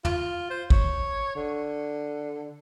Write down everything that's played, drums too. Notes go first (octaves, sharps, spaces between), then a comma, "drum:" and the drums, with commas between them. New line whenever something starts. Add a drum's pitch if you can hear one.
F4, drum: tom
C5
C#5, drum: kick
D3